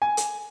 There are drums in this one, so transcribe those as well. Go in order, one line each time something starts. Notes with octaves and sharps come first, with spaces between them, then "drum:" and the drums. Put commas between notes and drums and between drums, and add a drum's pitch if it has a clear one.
G#5
drum: hi-hat